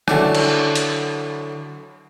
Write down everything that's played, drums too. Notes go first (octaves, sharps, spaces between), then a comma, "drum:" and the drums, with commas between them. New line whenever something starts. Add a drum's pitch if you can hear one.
D3 F#3 D4 E4 D5, drum: rim click
drum: cymbal
drum: hi-hat